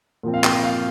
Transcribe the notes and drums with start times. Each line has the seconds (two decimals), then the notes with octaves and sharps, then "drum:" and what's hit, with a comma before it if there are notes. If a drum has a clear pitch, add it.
0.23 A#2 F3 C4
0.34 F5
0.44 G5, drum: clap
0.63 F5